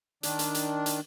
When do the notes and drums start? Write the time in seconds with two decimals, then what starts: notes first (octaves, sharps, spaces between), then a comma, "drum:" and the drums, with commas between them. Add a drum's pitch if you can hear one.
0.23 D#3 D4, drum: hi-hat
0.39 drum: hi-hat
0.55 drum: hi-hat
0.86 drum: hi-hat